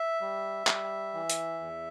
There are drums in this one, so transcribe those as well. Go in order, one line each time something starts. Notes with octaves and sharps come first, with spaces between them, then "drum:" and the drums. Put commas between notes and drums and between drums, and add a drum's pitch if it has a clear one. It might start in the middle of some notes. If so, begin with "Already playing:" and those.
Already playing: E5
G3
G3, drum: clap
E3
drum: hi-hat
E2